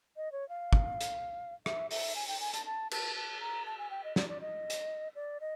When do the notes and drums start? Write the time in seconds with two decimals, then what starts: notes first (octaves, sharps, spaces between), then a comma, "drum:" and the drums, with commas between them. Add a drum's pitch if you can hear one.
0.16 D#5
0.32 C#5
0.49 F5
0.73 drum: kick
1.01 drum: hi-hat
1.66 E5, drum: rim click
1.91 E5, drum: open hi-hat
2.15 G#5
2.28 G5, drum: open hi-hat
2.40 G#5
2.54 A5, drum: hi-hat
2.66 A5
2.91 A5, drum: cymbal
3.16 A5
3.40 A#5
3.66 A5
3.78 G#5
3.90 G5
4.04 D#5
4.16 D5, drum: snare
4.29 D5
4.41 D#5
4.70 drum: hi-hat
5.15 D5
5.41 D#5